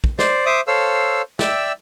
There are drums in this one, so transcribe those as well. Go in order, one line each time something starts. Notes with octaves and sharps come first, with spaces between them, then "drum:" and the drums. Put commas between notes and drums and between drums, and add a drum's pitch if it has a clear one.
drum: kick
C5 D5, drum: snare
C5 E5 D6 D#6
A4 C5 C#5 F5 E6
D5 E5 G5 E6, drum: snare